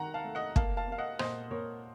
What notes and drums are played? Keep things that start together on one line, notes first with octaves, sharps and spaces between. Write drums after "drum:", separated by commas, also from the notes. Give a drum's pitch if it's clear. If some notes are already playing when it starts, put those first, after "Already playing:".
Already playing: D#3 F#5 A#5
F5 A5
A3
D#5 F#5
A#3 F5 A5, drum: kick
F5 A5
A#3 F5
D#5 F#5
A#2 C5 D#5, drum: rim click
A#2 A#4 C#5